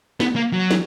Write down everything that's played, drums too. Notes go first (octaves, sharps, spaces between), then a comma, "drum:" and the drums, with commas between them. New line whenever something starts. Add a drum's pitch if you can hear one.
B3, drum: snare
A#3
F#3
drum: snare